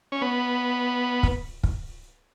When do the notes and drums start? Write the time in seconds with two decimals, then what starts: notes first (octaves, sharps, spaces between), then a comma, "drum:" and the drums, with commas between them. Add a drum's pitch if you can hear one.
0.12 C#4
0.22 B3
1.23 drum: kick
1.64 drum: kick